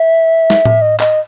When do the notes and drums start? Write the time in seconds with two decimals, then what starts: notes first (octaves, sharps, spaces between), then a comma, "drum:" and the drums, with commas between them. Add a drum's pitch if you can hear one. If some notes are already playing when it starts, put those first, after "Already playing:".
Already playing: E5
0.50 drum: snare
0.65 drum: tom A2
0.81 D#5
1.00 D#5, drum: clap